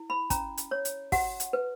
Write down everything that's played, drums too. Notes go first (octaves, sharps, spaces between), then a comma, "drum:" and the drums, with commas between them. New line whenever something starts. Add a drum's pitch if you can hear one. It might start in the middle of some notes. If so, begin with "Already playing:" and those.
Already playing: E4
B5
C#4 A#5, drum: kick, hi-hat
drum: hi-hat
C#5
drum: hi-hat
F#4 F#5, drum: kick, open hi-hat
drum: hi-hat
B4